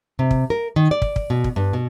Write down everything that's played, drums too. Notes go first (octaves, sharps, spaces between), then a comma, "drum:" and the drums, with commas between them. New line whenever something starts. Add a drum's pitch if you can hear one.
C3
drum: kick
A#4
D#3
D5
drum: kick
drum: kick
B2
drum: kick
G2
B2